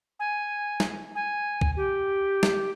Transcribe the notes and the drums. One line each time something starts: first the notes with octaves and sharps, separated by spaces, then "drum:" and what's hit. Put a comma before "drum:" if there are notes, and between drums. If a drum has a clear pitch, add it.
G#5
drum: snare
G#5
drum: kick B1
G4
drum: snare